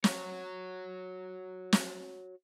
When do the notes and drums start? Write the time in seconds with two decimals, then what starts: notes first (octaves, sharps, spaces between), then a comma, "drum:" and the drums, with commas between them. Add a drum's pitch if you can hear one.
0.04 F#4 C#5, drum: snare
1.73 drum: snare